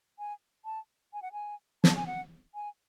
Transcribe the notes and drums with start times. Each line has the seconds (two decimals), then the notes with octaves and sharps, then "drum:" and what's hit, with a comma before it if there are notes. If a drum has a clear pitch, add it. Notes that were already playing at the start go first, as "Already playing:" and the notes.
0.19 G#5
0.65 A5
1.13 G#5
1.22 F#5
1.32 G#5
1.84 A5, drum: snare
1.96 G#5
2.07 F#5
2.55 G#5